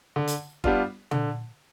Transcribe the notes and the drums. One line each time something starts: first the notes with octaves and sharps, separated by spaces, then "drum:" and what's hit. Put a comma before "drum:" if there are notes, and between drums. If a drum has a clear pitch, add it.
D3
drum: hi-hat
G3 B3 D4 F4, drum: kick
D3, drum: tom